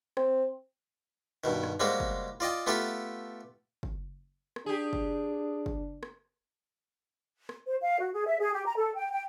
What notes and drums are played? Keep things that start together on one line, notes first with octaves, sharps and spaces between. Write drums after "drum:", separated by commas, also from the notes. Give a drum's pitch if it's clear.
C4, drum: rim click
G2 B2 D#3
drum: rim click
G3 G#3 A#3 C4 F#4
drum: kick
F4 D5 D#5 G5
A3 B3 F4 G4 A4 F5
drum: kick
drum: rim click
D4 G4 G#4
drum: kick
drum: kick
drum: rim click
drum: rim click
C5
F5
F#4
G#4
E5
G#4
G4
A#5
A4
G5
G5